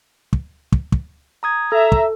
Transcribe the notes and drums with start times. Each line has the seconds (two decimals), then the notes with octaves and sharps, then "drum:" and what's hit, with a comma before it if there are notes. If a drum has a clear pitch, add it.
0.33 drum: kick
0.72 drum: kick
0.92 drum: kick
1.43 A#5 D#6 G#6
1.72 A4 E5 A#5
1.92 drum: kick